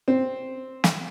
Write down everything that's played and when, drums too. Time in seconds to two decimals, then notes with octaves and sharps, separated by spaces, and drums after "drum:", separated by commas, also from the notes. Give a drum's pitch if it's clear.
0.08 C4
0.84 drum: snare